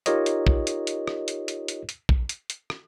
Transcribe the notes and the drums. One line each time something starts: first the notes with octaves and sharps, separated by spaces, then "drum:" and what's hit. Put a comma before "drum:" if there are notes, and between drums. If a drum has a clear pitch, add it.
D#4 F4 G4 A#4 C#5 D#5, drum: hi-hat
drum: hi-hat
drum: kick A#1
drum: hi-hat
drum: hi-hat
drum: rim click
drum: hi-hat
drum: hi-hat
drum: hi-hat
drum: hi-hat
drum: kick A#1
drum: hi-hat
drum: hi-hat
drum: rim click